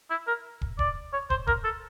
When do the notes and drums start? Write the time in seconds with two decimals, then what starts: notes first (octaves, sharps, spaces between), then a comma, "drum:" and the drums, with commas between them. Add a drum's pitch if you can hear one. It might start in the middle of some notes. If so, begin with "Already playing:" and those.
0.10 E4
0.27 A#4
0.61 drum: kick
0.79 D5, drum: kick
1.13 C#5
1.30 C5, drum: kick
1.47 A#4, drum: kick
1.64 A4